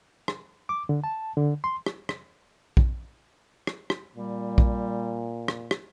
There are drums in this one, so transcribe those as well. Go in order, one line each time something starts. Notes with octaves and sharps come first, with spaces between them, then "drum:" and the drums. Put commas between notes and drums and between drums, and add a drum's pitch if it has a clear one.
drum: rim click
D6
D3
A5
D3
C6
drum: rim click
drum: rim click
drum: kick A#1
drum: rim click
drum: rim click
A#2 G3
drum: kick A#1
drum: rim click
drum: rim click